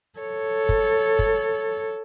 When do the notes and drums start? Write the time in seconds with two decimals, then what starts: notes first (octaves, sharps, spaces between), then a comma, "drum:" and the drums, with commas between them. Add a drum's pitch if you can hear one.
0.19 A4 C#5
0.69 drum: kick F#1
1.19 drum: kick F#1